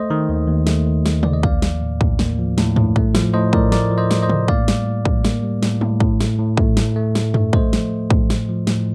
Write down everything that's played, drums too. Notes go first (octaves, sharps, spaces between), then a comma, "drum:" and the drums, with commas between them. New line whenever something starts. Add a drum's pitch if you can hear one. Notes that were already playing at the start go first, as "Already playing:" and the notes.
Already playing: A3 C5 D#5
D#3
D#2
D#2
A3, drum: snare
D#3
D#2, drum: snare
D#2 D5, drum: tom C3
D#5
A#3 D5 F5, drum: kick
F3, drum: snare
A2
A2, drum: kick
A#3, drum: snare
F3
A2, drum: snare
A2, drum: tom F#2
A3, drum: kick
F3, drum: snare
A2 C5 D#5
A2 A#4 D5, drum: kick
A3 A#4 D5, drum: snare
F3
C5 D#5
A2, drum: snare
C5 D#5
A2, drum: tom C3
A#3 D5 F5, drum: kick
G3, drum: snare
A2
A2, drum: kick
A#3, drum: snare
G3
A2, drum: snare
A2, drum: tom
A2, drum: kick
A3, drum: snare
A2
A3, drum: kick
A2, drum: snare
A3
A2, drum: snare
A3, drum: tom F#2
A3 C5 D#5, drum: kick
F3, drum: snare
A2
A2, drum: kick
A3, drum: snare
F3
A2, drum: snare